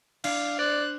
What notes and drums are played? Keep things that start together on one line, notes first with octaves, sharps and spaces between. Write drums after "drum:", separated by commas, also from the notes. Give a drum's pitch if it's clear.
D4 F5, drum: cymbal
C5 D5 F#6